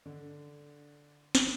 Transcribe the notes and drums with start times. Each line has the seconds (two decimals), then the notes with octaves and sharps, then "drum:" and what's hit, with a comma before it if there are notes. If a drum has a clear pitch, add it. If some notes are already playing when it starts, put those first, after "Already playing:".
0.06 D3
1.35 drum: snare